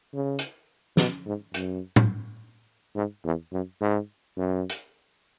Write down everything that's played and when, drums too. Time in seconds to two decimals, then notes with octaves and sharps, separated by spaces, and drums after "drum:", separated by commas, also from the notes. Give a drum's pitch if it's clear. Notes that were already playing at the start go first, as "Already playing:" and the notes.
0.13 C#3
0.39 drum: hi-hat
0.97 B2, drum: snare
1.26 G#2
1.54 F#2, drum: hi-hat
1.96 drum: tom A2
2.96 G#2
3.25 E2
3.52 F#2
3.81 G#2
4.37 F#2
4.70 drum: hi-hat